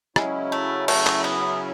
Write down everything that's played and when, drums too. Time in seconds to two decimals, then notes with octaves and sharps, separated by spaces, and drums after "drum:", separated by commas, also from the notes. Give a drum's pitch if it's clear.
0.16 C#3 F#3 G#3 C#4 E4, drum: rim click
0.52 A3
0.88 A3, drum: cymbal
1.07 drum: clap
1.24 B3